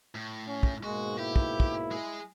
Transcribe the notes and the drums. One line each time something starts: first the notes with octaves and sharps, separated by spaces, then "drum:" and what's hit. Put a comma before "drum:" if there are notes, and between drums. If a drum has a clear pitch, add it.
A2
C#4
drum: kick
G#2 B2 G#3 A#3 F#4
E4 G4
drum: kick
drum: kick
G#3 G#4